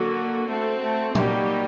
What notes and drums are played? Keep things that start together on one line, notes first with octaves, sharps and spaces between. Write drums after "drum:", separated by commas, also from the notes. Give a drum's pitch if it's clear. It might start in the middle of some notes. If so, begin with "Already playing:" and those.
Already playing: D3 F#3 A#3 F#4
A3 C4 F#4 A4
A3
F#3 G3 A#3 D#4 G4, drum: tom A#2